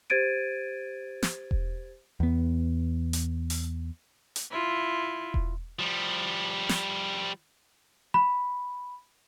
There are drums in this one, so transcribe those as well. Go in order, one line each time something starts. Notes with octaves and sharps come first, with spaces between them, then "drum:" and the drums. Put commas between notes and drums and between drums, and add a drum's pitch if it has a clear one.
G4 C5 G#6 A6 D7 D#7
drum: snare
drum: kick E1
E2 B3
drum: hi-hat
drum: open hi-hat
drum: hi-hat
E4 F4
drum: kick E1
F3 G3
drum: snare
B5